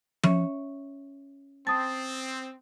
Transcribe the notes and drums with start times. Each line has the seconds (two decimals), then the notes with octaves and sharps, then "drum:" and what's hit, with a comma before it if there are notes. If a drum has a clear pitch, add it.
0.23 C#4 C#5 E5, drum: tom F3
1.67 C4 A5 D#6 A6